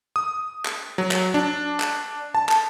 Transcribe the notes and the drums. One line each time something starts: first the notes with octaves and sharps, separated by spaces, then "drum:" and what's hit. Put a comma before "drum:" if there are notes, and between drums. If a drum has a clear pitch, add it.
D#6
drum: clap
F#3
drum: clap
D4
drum: clap
A5
drum: clap